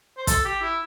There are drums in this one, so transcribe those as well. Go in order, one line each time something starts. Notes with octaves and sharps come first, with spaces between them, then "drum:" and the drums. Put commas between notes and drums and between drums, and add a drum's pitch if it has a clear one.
C5
A4, drum: kick, hi-hat
G4
E4